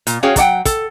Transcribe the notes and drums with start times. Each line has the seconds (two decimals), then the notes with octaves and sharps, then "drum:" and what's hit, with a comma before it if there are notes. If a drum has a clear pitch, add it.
0.07 A#2, drum: hi-hat
0.23 C#4 F#4 G#4 C#5 F5 G5
0.36 F#3 A4 D5 F#5 G5, drum: kick, hi-hat
0.65 A4, drum: kick, hi-hat